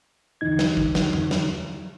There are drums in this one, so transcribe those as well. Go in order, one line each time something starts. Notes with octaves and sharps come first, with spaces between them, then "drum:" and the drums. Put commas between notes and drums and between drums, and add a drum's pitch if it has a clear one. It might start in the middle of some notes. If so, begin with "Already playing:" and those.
D#2 D3 E3 D#4 G#6
drum: snare
drum: kick
drum: snare
drum: tom
drum: snare